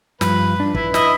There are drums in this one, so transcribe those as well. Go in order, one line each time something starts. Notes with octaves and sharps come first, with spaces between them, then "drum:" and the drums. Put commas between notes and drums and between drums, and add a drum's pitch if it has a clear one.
G2 F3 B4, drum: snare
D4
E4 B4, drum: kick
E4 D#5 E5, drum: snare